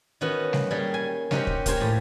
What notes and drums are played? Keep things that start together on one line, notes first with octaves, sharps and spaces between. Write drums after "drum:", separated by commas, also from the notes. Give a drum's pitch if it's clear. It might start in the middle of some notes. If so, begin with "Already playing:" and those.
D#3 B3 C#4 F#4
drum: snare G3
G3 A#3 G#4 C#5
G#5
C#4 D#4 F#4 G4 C5, drum: snare G3
drum: kick
A#3 F4 G4 C5 G#5, drum: kick, hi-hat
A2 A#5